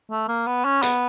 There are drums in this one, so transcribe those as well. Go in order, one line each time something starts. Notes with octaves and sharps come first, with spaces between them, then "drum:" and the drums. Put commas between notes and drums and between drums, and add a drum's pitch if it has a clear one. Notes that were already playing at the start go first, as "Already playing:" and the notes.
A3
A#3
B3
C#4
B3, drum: hi-hat